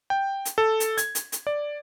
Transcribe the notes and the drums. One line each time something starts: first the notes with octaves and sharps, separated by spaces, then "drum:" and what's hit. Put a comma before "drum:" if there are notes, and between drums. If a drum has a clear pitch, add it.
G5
drum: hi-hat
A4
drum: hi-hat
G#6, drum: hi-hat
drum: hi-hat
drum: hi-hat
D5